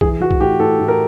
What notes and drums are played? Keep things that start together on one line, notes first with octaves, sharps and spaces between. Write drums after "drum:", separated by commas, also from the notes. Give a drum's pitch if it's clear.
E3 G#4, drum: kick
E3 F#4
drum: kick
A2 G4
A2 A4
A2
A#4